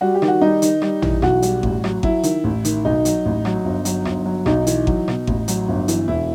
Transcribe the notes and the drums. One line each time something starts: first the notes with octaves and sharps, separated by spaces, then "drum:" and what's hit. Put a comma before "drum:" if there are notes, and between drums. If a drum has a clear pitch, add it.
G3 F#4
G4
D#3, drum: rim click
F#4
G3 D#4
D#3, drum: hi-hat
G3, drum: rim click
E3, drum: tom
B1 F#4, drum: rim click
G3, drum: hi-hat
A1, drum: kick G#1
F#3, drum: rim click
F#3 E4, drum: kick G#1
D#3, drum: hi-hat
A1
D#3, drum: hi-hat
B1 D#4
F#3, drum: hi-hat
A1
F#3, drum: rim click
G1
F#3, drum: hi-hat
G1, drum: rim click
F#3
B1 D#4, drum: rim click
E3, drum: hi-hat
F#3, drum: kick G#1
B2, drum: rim click
A1, drum: kick G#1
F#3, drum: hi-hat
G1
E3, drum: hi-hat
E1 E4